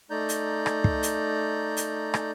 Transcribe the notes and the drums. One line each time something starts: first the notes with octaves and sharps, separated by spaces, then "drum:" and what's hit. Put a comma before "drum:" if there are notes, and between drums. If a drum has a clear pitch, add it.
A3 D#4 D5 A#5 G6
drum: hi-hat
drum: rim click
drum: kick
drum: hi-hat
drum: hi-hat
drum: rim click